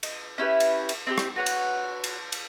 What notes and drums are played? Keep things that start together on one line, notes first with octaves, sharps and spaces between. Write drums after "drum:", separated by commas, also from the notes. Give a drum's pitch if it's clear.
D#5, drum: cymbal
C#4 E4 G4 B4
drum: cymbal
drum: cymbal
C4 E4 G4
drum: rim click
F#4 B4 C#5 F#5
drum: cymbal
drum: cymbal
drum: cymbal